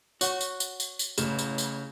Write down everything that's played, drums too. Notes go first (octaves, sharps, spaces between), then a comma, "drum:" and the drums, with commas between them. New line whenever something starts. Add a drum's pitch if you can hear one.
F#4 C#5 F#5 C#6, drum: tambourine
drum: tambourine
drum: tambourine
drum: tambourine
drum: tambourine
A1 C#3 E7, drum: tambourine
drum: tambourine
drum: tambourine